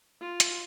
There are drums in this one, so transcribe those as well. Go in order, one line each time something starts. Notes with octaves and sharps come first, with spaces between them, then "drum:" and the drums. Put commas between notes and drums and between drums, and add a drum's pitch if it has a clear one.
F4
drum: hi-hat